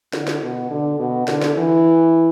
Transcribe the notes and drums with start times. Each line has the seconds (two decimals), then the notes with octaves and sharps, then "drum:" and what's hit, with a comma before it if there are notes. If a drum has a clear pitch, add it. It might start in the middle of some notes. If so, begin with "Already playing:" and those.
0.13 D3, drum: snare
0.28 drum: snare
0.42 B2
0.70 D3
0.99 B2
1.28 D3, drum: snare
1.42 drum: snare
1.57 E3